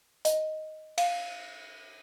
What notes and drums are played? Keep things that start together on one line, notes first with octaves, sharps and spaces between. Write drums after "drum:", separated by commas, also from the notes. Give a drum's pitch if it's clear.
D#5, drum: hi-hat
F5, drum: cymbal